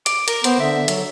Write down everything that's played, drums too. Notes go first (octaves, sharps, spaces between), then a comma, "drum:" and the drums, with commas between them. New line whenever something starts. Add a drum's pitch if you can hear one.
D6, drum: hi-hat
A#4, drum: hi-hat
B3 C5, drum: hi-hat
D3 E5
F#3, drum: hi-hat